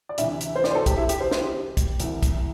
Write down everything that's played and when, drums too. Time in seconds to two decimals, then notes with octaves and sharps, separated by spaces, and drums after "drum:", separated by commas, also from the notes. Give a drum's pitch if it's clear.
0.09 D5
0.18 D2 C3 E3 E5, drum: hi-hat
0.41 drum: hi-hat
0.56 C5
0.64 D5, drum: snare
0.71 C5
0.75 A4
0.86 G4, drum: kick, hi-hat
0.97 E4
1.09 G4, drum: hi-hat
1.21 C5
1.31 C5, drum: snare
1.43 G4
1.77 drum: kick, hi-hat
2.00 C2 C3 E3, drum: hi-hat
2.23 drum: kick, hi-hat